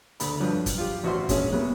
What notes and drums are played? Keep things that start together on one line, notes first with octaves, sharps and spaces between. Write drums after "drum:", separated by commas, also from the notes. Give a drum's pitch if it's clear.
D2 A3 B5, drum: hi-hat
G2 F3 F#3 D4
drum: kick, hi-hat
F4 G4
A1 F#4 C5 E5 C6
A#1 G#3 C#4 E5, drum: kick, hi-hat
C3 F#3 A#3 B3